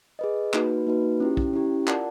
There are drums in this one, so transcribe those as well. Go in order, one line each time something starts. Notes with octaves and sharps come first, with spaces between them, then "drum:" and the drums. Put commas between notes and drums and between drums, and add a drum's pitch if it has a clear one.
G#4 B4 D#5
A#3 D#4 F#4 B4, drum: clap
A#3 D#4 F#4 B4
C#4 E4 G4
drum: kick
C#4 E4 G4
F4 A#4 D5 F#5 A5, drum: clap